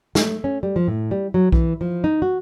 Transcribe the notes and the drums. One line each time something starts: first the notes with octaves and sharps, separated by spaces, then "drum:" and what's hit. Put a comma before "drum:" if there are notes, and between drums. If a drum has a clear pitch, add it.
A3, drum: snare
C#4
G3
F3
A2
G3
F#3
E3, drum: kick B1
F3
D#4
F#4